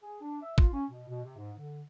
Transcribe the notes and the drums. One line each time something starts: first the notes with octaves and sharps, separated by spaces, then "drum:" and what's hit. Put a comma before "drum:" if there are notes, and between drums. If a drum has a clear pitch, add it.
G#4
D4
E5
F4, drum: kick
C#4
B2
B2
C3
G#2
D3